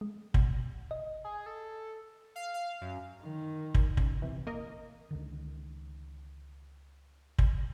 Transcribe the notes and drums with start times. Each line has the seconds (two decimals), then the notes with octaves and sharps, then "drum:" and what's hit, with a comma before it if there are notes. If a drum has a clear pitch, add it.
0.01 G#3
0.34 B2, drum: kick
0.91 D#5
1.24 G#4
1.46 A4
2.36 F5
2.54 F5
2.81 F#2
3.22 D#3
3.75 drum: kick
3.97 C#2, drum: kick
4.22 C3 E3
4.47 A#3 A#4 D#5
5.11 C#2 D3 D#3
7.39 drum: kick